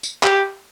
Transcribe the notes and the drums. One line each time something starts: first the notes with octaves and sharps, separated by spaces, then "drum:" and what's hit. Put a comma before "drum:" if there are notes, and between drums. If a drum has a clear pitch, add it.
drum: tambourine
G4, drum: clap